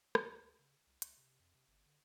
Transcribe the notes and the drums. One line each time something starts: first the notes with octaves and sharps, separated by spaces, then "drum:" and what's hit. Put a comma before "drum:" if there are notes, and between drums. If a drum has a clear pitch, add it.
C#3, drum: rim click
C#2
D2
C#3
C2
C#2, drum: hi-hat
C3
F2
C3
G1
D3